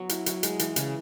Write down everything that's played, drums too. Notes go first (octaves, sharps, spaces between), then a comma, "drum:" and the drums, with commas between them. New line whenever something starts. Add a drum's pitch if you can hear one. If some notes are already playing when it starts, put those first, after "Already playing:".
Already playing: F#3 B3
E4, drum: hi-hat
F#3, drum: hi-hat
G#3, drum: hi-hat
E3, drum: hi-hat
C#3, drum: hi-hat